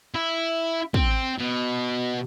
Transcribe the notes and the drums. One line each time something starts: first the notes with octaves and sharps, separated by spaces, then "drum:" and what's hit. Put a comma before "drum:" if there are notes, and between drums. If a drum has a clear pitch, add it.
E4
C4, drum: kick
B2